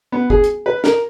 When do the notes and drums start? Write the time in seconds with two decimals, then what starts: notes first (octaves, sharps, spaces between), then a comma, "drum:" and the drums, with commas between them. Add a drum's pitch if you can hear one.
0.12 B3
0.30 G#4, drum: kick
0.44 drum: hi-hat
0.66 B4
0.84 A#4, drum: snare